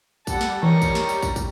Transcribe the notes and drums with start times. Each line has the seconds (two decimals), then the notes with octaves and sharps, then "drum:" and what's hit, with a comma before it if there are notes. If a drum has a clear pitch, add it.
0.27 G3 A4 F#5, drum: kick, tambourine
0.41 drum: snare
0.63 D#3 E3 C#5 A#5 C#6
0.82 drum: kick, tambourine
0.95 drum: snare
1.09 drum: tambourine
1.22 drum: kick, tambourine
1.36 drum: kick, tambourine